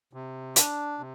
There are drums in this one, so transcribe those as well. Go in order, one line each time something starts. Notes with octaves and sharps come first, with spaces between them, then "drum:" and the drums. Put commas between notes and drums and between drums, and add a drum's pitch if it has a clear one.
C3
D4, drum: hi-hat
C3